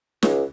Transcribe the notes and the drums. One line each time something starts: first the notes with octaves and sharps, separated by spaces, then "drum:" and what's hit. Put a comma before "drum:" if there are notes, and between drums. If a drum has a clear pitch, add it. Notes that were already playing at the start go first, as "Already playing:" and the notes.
C#2, drum: snare